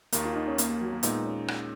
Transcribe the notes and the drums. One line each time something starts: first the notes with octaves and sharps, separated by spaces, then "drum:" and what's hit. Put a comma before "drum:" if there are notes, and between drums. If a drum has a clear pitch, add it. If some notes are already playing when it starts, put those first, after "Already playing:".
D#2 D#3 A#3, drum: hi-hat
F4
D#4
C#4
A#3, drum: hi-hat
A#3
F#3
A#3
A#2 G#3 B3 D#4, drum: hi-hat
C#4
drum: rim click